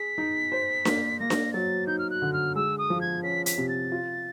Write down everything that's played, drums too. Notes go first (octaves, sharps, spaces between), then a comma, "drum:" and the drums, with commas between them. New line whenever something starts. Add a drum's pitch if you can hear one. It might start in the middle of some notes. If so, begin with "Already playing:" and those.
Already playing: G#4 B6
D#4
C5
A#3, drum: snare D4
A#3 A#6
drum: snare D4
F#3 A6
D#4 G6
F6
F#6
D3
F6
G#3 E6
D#6
F3
G#6
C#4 B6
B6, drum: hi-hat
C3
A6
F4